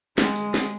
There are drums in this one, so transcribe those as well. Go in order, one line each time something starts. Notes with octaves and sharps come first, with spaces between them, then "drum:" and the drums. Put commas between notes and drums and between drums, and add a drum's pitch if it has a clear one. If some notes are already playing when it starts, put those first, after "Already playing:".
G#3, drum: snare
drum: hi-hat
drum: snare